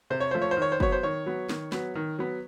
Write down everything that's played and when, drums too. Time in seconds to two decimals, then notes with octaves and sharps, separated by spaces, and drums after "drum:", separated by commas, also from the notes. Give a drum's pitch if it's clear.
0.10 C3 C5
0.20 C#5
0.31 F3 A3 C5
0.42 C#5
0.51 C5
0.57 D#3
0.62 C#5
0.72 C5
0.80 F#3 B3 C#5, drum: kick
0.92 C5
1.03 D#3 C#5
1.26 F#3 B3
1.49 D#3, drum: snare
1.72 F#3 B3, drum: snare
1.95 D#3
2.19 F#3 B3